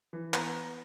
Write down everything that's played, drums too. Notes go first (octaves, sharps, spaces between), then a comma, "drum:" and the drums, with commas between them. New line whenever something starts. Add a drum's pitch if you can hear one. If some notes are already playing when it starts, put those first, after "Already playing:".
E3
B3 A#5, drum: clap